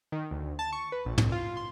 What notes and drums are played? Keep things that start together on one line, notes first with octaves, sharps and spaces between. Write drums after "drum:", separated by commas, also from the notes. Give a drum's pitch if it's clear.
D#3
D2
A5
C#6
B4
A#1
C2, drum: tom
F4
C6